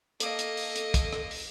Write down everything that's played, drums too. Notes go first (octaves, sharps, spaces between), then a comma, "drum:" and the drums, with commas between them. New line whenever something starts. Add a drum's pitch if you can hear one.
A#3 A4 D#5, drum: hi-hat
drum: hi-hat
drum: open hi-hat
drum: hi-hat
drum: kick, hi-hat
drum: rim click
drum: open hi-hat